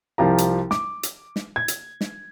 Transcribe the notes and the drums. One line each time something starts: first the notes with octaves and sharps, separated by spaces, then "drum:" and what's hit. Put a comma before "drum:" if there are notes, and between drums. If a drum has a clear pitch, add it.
C2 F3 F4 G4 A#5
drum: hi-hat
D6, drum: snare
drum: hi-hat
drum: snare
G#6
drum: hi-hat
drum: snare